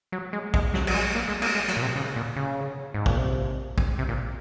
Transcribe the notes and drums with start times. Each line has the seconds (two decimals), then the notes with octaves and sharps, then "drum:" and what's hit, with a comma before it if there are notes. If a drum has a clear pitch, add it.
0.12 F#3
0.33 G#3
0.54 G#3, drum: kick A#1
0.74 F#3, drum: snare
0.87 F#3, drum: cymbal
0.94 G#3
1.15 A#3
1.28 G#3
1.42 A#3, drum: cymbal
1.55 G#3
1.68 F#3, drum: hi-hat
1.77 A#2
1.82 C3
1.96 C#3
2.16 A#2
2.36 C#3
2.94 G#2
3.06 A#2, drum: kick A#1
3.18 C3
3.78 drum: kick A#1
3.99 C3
4.09 A#2